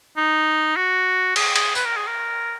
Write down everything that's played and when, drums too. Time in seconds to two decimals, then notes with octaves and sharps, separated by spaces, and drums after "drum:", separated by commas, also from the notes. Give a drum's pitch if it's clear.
0.17 D#4
0.76 F#4
1.36 G#4, drum: cymbal
1.56 G#4, drum: cymbal
1.75 B4, drum: tambourine
1.85 A#4
1.96 G#4
2.07 A#4